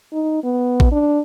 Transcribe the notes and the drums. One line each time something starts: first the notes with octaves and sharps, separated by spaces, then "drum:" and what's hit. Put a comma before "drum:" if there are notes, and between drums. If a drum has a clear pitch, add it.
D#4
B3
drum: kick A1
D4